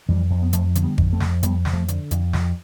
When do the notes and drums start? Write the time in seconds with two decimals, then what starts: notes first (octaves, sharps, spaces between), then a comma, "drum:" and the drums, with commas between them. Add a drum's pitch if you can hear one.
0.09 F2 E3 G3
0.30 F2
0.42 B3
0.53 F2 F3 A3, drum: hi-hat
0.75 D3 C4, drum: hi-hat
0.83 G3 B3
0.98 F2, drum: kick G#1
1.13 A3 C4
1.20 F2, drum: snare
1.43 F2 G3 B3, drum: hi-hat
1.65 F2, drum: snare
1.73 F3 A3
1.88 D3, drum: hi-hat
2.11 F2, drum: hi-hat
2.33 F2, drum: snare